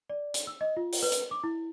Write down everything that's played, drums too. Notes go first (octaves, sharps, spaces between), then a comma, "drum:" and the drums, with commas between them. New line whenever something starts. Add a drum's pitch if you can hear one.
D5
drum: hi-hat
E6
D#5
F4
drum: open hi-hat
B4
drum: hi-hat
D6
E4